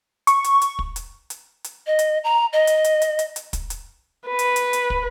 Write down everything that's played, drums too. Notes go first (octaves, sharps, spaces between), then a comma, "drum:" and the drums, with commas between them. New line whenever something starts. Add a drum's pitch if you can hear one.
C#6, drum: hi-hat
drum: hi-hat
drum: hi-hat
drum: kick
drum: hi-hat
drum: hi-hat
drum: hi-hat
D#5
drum: hi-hat
A#5
D#5
drum: hi-hat
drum: hi-hat
drum: hi-hat
drum: hi-hat
drum: hi-hat
drum: kick, hi-hat
drum: hi-hat
B4
drum: hi-hat
drum: hi-hat
drum: hi-hat
drum: kick